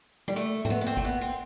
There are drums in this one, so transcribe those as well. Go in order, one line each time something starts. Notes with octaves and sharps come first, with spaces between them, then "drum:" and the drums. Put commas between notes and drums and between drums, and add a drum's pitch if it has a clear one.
G3, drum: tom G3
A3
C4, drum: tom G#2
B3
B3
C4
A3, drum: kick
B3
C4